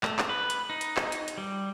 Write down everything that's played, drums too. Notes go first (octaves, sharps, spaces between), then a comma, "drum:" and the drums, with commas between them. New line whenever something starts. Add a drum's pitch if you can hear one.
A3, drum: clap
drum: clap
B4
drum: hi-hat
D#4
drum: hi-hat
drum: clap
drum: hi-hat
drum: hi-hat
G3